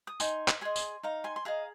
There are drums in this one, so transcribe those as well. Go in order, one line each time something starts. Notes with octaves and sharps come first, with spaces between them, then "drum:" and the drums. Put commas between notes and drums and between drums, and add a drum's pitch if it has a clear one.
D#6
D#4 G#5 C6, drum: tambourine
drum: clap
G#4 D#5 G#5 C6
drum: tambourine
D#4 F5 A#5
G#5 C6
C6
G#4 D#5 F5 A#5